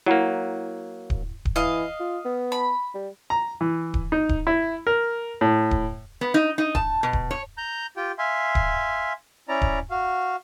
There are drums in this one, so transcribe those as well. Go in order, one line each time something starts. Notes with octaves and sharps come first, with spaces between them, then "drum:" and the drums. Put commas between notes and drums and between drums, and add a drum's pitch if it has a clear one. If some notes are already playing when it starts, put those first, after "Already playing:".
F#3 A#3 E4 F#5 A#5
drum: kick D1
drum: kick D1
E3 D#5 F5
F4
B3
B5
G3
A#5
E3
drum: kick D1
D#4
drum: kick D1
E4
A#4
A2
drum: kick D1
B3
D#4
D#4
A5, drum: kick D1
B2
drum: kick D1
C#5
A#5 G6
F4 G4 G5
E5 F5 G#5 C6
drum: kick D1
C#4 E4 D5 A#5
drum: kick D1
F#4 F5